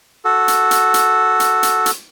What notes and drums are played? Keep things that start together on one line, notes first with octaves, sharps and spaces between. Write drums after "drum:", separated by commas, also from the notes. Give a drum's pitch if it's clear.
F#4 A4
drum: hi-hat
drum: hi-hat
drum: hi-hat
drum: hi-hat
drum: hi-hat
drum: hi-hat